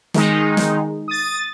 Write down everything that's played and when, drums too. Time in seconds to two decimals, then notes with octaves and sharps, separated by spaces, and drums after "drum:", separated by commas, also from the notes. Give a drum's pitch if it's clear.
0.14 D#3 G#3 D#4, drum: snare
0.57 drum: snare
1.08 D#6 A6